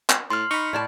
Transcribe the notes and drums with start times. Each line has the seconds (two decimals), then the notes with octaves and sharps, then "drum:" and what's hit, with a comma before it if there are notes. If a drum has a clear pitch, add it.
0.10 drum: clap
0.30 A2 C6 F6
0.51 D#4 B5 C#6
0.73 A2 D5 A5